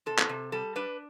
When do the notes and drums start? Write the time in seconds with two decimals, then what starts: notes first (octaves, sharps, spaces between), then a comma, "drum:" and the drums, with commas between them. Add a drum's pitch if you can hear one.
0.06 C3 A4
0.19 drum: clap
0.29 C3
0.52 G3 A4
0.76 D4 B4